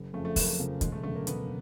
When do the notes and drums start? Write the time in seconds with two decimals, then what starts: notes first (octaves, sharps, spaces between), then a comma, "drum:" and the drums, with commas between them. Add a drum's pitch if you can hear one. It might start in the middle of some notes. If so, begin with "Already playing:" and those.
Already playing: F#1
0.14 F2 C#3 F3 A3
0.25 A3
0.36 F#1 A#3, drum: kick, open hi-hat
0.59 F2 C#3 F3
0.81 E1 G#3, drum: kick, hi-hat
0.92 A3
1.03 D2 C#3 F#3 A3
1.15 A#3
1.27 E1 B3, drum: hi-hat